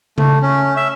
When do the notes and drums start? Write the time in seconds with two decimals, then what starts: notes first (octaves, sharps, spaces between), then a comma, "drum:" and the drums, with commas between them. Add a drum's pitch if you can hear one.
0.18 A3, drum: tom C#3
0.42 C#4
0.77 E5